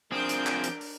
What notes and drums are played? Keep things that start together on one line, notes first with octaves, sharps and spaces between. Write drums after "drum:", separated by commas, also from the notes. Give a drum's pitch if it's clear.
F3 C4 D4 G#4 A#4 G6 D7
drum: hi-hat
drum: clap
drum: hi-hat
drum: open hi-hat